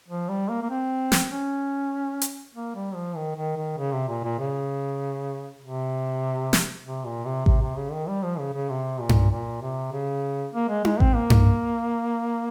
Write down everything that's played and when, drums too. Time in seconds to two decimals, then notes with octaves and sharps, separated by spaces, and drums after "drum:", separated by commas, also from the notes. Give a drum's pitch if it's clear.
0.09 F3
0.29 G3
0.49 A#3
0.63 A#3
0.70 C4
1.12 drum: snare
1.31 C#4
2.22 drum: hi-hat
2.54 A#3
2.75 G3
2.95 F3
3.16 D#3
3.36 D#3
3.57 D#3
3.78 C#3
3.92 C3
4.08 A#2
4.24 A#2
4.39 C#3
5.62 C3
6.53 drum: snare
6.85 C3
7.05 A#2
7.25 C3
7.46 C3, drum: kick A1
7.61 C3
7.77 C#3
7.93 D#3
8.08 G3
8.23 F3
8.39 C#3
8.54 C#3
8.69 C3
9.00 A#2
9.09 drum: tom G2
9.31 A#2
9.61 C3
9.92 C#3
10.54 A#3
10.69 G#3
10.85 G#3, drum: tom D#4
11.00 C4, drum: kick A1
11.15 A#3
11.30 drum: tom G2